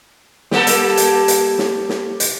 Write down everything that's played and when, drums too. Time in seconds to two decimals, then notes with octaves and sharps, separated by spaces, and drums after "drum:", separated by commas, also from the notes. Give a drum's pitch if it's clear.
0.51 G3 A#3 A4, drum: snare
0.67 drum: hi-hat
0.97 drum: hi-hat
1.28 drum: hi-hat
1.59 drum: snare
1.89 drum: snare
2.20 drum: hi-hat